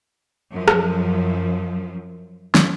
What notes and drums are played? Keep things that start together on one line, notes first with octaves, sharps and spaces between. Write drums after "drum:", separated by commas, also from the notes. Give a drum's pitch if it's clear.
F#2 F3
drum: rim click
drum: snare